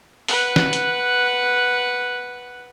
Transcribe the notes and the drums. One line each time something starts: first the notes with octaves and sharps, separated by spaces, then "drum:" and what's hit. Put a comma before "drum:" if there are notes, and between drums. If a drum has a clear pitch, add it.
B4 F#5, drum: open hi-hat
drum: snare
drum: hi-hat